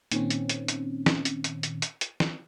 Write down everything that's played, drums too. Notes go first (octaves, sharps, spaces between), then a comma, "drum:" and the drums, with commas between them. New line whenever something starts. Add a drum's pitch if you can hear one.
A#2 D#3 C4 C#4, drum: hi-hat
drum: hi-hat
drum: hi-hat
drum: hi-hat
drum: snare
drum: hi-hat
drum: hi-hat
drum: hi-hat
drum: hi-hat
drum: hi-hat
drum: snare